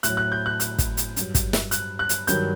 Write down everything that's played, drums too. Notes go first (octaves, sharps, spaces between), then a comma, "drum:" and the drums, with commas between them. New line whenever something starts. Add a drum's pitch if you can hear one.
A2 F#6, drum: hi-hat
F#3
F#6
G6
F#6
F#6, drum: hi-hat
drum: kick, hi-hat
drum: hi-hat
G2 F#3, drum: hi-hat
drum: kick, hi-hat
drum: snare
F#6, drum: hi-hat
F#6
drum: hi-hat
G2 D#3 F#3 G6, drum: hi-hat